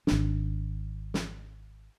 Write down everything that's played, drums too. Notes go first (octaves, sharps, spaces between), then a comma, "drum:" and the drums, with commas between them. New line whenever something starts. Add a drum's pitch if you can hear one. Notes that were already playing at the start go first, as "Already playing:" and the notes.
G#1 D4, drum: snare
drum: snare